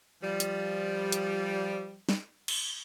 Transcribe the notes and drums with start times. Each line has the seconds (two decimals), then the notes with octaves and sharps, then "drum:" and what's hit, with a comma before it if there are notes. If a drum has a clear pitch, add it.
0.22 F3 G3
0.40 drum: hi-hat
1.12 drum: hi-hat
2.09 drum: snare
2.48 drum: cymbal